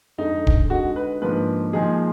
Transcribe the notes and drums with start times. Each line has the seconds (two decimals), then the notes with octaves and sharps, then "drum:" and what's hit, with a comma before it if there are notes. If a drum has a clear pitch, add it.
0.18 F2 D3 G#3 D#4
0.47 drum: kick
0.70 D3 G#3 D#4 F#4
0.96 B4
1.22 G#2 F3 A#3 D4 B4
1.73 A#2 F3 G#3 D#4 G#4